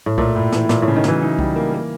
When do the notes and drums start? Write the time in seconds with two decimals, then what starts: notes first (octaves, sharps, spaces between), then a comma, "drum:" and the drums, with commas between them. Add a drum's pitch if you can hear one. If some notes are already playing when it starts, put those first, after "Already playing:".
0.06 A2
0.18 A#2 A3, drum: kick C2
0.35 A2
0.52 E3, drum: snare
0.69 A#2 A3, drum: snare
0.82 A2
0.88 C#3
0.96 D#3
1.04 E3 F#3, drum: snare
1.22 D#4
1.39 G3, drum: kick C2
1.56 A#3
1.74 A#3